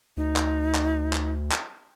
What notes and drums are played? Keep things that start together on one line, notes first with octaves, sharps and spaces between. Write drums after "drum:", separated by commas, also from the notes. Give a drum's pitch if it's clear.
D2 D#4
drum: clap
drum: clap
drum: clap
drum: clap